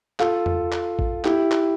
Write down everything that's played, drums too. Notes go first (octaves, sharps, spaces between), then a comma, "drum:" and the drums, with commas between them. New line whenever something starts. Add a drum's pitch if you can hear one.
F4 A4, drum: clap
drum: tom E2
drum: clap
drum: kick
E4 G4, drum: clap
drum: clap